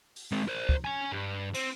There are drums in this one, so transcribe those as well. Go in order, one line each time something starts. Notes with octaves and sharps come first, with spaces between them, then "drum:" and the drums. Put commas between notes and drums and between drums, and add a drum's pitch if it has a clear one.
drum: open hi-hat
G#3 C4
A#4 C5
drum: kick
C#5 G#5
G2
C4, drum: cymbal